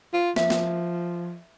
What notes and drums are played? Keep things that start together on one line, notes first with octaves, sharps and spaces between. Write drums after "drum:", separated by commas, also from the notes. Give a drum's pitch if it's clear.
F4
F3 E5, drum: snare
drum: snare